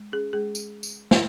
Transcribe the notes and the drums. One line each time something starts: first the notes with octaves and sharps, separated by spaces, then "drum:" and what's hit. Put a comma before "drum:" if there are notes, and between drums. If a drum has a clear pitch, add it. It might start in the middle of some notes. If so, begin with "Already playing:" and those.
Already playing: G#3
C#4 G#4
G#3 G#4
drum: tambourine
drum: tambourine
drum: snare